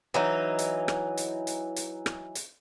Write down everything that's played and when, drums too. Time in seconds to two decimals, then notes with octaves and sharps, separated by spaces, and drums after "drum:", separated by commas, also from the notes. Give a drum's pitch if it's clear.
0.14 E3 F#3 D#4
0.59 drum: hi-hat
0.88 drum: rim click
1.17 drum: hi-hat
1.47 drum: hi-hat
1.76 drum: hi-hat
2.06 drum: rim click
2.35 drum: hi-hat